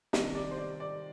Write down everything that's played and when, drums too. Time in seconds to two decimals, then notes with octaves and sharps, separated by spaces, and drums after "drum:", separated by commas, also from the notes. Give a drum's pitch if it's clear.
0.13 C3 D#3 G3 D#5, drum: snare
0.35 D5
0.51 C5
0.57 D5
0.80 D5